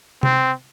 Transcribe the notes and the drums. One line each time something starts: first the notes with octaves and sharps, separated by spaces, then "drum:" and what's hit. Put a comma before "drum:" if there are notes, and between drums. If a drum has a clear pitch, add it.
C4, drum: tom C3